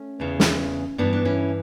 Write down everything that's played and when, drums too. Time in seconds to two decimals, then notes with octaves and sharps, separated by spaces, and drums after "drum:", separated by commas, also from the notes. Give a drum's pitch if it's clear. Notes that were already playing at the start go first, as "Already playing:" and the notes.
Already playing: A3 C#4
0.20 E2 C#3 E3
0.40 drum: snare
0.98 G2 E3 B3 D4
1.13 D4
1.25 C#4 E4